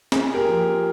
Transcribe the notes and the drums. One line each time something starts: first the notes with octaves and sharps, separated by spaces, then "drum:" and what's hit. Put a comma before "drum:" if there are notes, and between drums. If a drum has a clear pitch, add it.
A#2 G#4, drum: snare
G4 A#4
F3 A#3